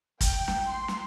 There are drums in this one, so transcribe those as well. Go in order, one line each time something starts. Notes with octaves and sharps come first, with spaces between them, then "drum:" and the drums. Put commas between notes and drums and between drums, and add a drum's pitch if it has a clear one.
G5, drum: kick, hi-hat
drum: snare
C6
drum: snare